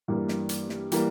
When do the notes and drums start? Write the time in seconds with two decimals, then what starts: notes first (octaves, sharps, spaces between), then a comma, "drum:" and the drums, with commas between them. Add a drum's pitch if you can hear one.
0.08 G2 E3 G3 A#3
0.28 drum: snare
0.49 drum: hi-hat
0.69 drum: snare
0.92 E3 G3 A#3, drum: hi-hat